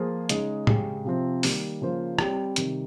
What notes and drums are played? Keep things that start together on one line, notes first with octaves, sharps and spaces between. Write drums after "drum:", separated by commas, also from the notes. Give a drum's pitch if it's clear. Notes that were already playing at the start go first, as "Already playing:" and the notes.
Already playing: F3 A#3 F4 G#4 C5
C#3 G#3 D#4 G#4, drum: hi-hat
C#3 G#3 C#4 G4, drum: tom
C3 F3 C4
D#3 G3 A#3, drum: open hi-hat
C#3 F3 A#3 F4 C5
G3 C4 G4 C#5, drum: rim click
C3 D#3 G3, drum: hi-hat